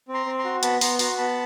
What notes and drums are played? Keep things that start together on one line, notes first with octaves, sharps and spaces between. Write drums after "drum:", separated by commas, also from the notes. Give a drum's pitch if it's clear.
C4
A#5 C6
C4
A#5 C6
F#4
B3 A5 B5, drum: hi-hat
B3 A#5 C6, drum: open hi-hat
F#4 A#5 C6, drum: open hi-hat
B3 A5 B5